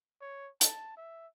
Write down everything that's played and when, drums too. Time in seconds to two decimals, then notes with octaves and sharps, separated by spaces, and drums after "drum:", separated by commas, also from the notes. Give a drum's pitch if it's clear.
0.21 C#5
0.61 A5, drum: hi-hat
0.97 E5